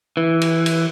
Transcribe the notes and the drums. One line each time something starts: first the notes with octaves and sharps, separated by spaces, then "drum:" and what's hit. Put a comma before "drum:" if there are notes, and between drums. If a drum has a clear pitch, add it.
E3
drum: cymbal
drum: cymbal